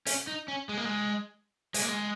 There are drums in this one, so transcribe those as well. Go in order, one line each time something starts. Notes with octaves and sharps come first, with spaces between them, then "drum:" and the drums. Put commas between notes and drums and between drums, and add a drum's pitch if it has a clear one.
C#4, drum: hi-hat
D#4
C#4
G#3
A#3
G#3
G#3, drum: hi-hat
A#3
G#3